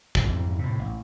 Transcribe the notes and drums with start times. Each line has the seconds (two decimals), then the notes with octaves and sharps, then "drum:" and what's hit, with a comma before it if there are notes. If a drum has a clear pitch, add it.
0.15 drum: kick
0.24 F2 G#2 E3
0.59 A2 C3
0.79 A1